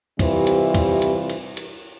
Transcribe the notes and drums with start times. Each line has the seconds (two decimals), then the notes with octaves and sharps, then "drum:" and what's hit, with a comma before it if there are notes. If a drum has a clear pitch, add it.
0.19 C3 E3 G3 F4 C5, drum: kick, cymbal
0.47 drum: cymbal
0.74 drum: kick, cymbal
1.02 drum: cymbal
1.30 drum: cymbal
1.57 drum: cymbal